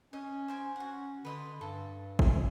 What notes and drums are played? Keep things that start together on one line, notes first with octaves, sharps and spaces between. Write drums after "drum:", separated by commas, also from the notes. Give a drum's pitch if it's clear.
C#4 D#5
C5 G5 G#5
C#4 F#4 F#5
D3 B4 D#5 C6
G2 A4
drum: kick G#1